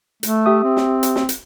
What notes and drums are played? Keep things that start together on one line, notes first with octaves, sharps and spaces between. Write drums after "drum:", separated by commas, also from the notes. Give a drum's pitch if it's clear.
A3, drum: hi-hat
G4 E5 D#6
C4
drum: snare
drum: hi-hat
drum: snare
drum: hi-hat